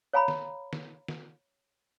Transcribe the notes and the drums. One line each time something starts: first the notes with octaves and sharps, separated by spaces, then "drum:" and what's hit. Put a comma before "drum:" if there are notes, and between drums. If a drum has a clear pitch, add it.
C#5 F5 G#5 A#5 B5
drum: snare
drum: snare
drum: snare